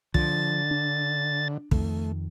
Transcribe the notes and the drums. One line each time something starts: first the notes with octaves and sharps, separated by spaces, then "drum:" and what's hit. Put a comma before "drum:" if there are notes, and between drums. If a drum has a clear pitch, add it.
D3 F3 A6, drum: kick
D4
F2 D#3 A3, drum: kick